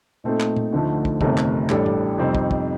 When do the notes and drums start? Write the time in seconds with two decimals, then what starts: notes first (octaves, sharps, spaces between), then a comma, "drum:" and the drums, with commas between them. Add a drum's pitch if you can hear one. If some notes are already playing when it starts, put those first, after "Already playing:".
0.24 A#2 A3 C4 D#4 A4
0.40 drum: clap
0.56 drum: tom A#2
0.72 D2 D3 F3 A3 D#4
1.05 drum: kick
1.21 G1 F2 C3 D#3 A3, drum: kick
1.37 drum: clap
1.69 A1 A2 G3 D4 A4, drum: clap
1.86 drum: tom G2
2.18 F2 C3 G3 C4 D#4
2.35 drum: kick
2.51 drum: kick